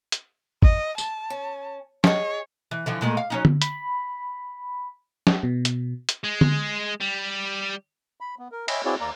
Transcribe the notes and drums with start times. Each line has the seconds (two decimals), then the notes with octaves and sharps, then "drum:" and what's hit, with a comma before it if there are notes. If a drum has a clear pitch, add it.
0.12 drum: hi-hat
0.62 D#5, drum: kick G#1
0.98 A5, drum: tambourine
1.30 C#4
2.04 G#4 C#5 D#5, drum: snare
2.71 E3
2.86 D3 E3 F3
3.01 A#2 G#3 A3
3.17 F5
3.30 F#3 C#4 D#4
3.45 drum: tom D3
3.62 B5, drum: hi-hat
5.27 drum: snare
5.43 B2
5.65 drum: hi-hat
6.09 drum: hi-hat
6.24 G#3
6.41 drum: tom D3
7.01 G3
8.21 B5
8.39 B3
8.52 A#4
8.68 C#5 D#5 E5 G5 G#5 B5, drum: cymbal
8.85 C4 E4 F#4 G#4 C#5 D5
9.00 D#2 A#3 D5 A#5